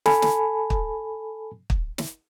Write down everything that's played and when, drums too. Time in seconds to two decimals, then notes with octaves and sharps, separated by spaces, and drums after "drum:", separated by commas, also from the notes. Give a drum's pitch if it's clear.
0.06 A4 G#5 A5 B5, drum: snare
0.22 drum: snare
0.70 drum: kick
1.70 drum: kick
1.98 drum: snare